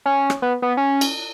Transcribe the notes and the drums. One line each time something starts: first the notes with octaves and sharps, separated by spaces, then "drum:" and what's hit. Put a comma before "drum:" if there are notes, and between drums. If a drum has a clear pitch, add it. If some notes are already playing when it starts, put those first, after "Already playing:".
C#4
drum: rim click
B3
B3
C#4
drum: cymbal